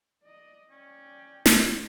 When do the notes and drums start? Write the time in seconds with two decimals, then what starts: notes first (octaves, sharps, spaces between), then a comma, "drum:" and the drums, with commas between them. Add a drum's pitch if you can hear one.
0.23 D5 D#5
0.71 C#4 D5 G5
1.46 drum: snare